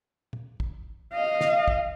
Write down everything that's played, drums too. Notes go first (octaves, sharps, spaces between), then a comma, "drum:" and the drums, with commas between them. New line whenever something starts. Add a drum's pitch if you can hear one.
drum: tom
drum: kick
D#5 F5
drum: snare
drum: kick